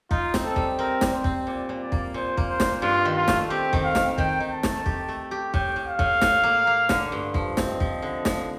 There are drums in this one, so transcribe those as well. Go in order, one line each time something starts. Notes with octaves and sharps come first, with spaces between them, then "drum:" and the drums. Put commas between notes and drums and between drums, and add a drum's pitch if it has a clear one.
D#4 F4, drum: kick
C4, drum: snare
A4
G3, drum: kick
C4 A#4
G3, drum: snare
C5
C4, drum: kick
A#2 D5
A#2
D5
A#3, drum: kick
A#2 C5
A#3, drum: kick
C5
A#2, drum: snare
G2 F4
D#3
F4
A3, drum: snare
C4 G4
D#3, drum: kick
F5
D#3, drum: snare
D#3 G5, drum: kick
D#3
A5
A3, drum: snare
G4, drum: kick
A3
G4
A2 G5, drum: kick
A2
F5
A2, drum: kick
A2, drum: snare
A#3
A#3
D3, drum: snare
G2
F3, drum: kick
C4 D#5, drum: snare
F3, drum: kick
D3
F3, drum: snare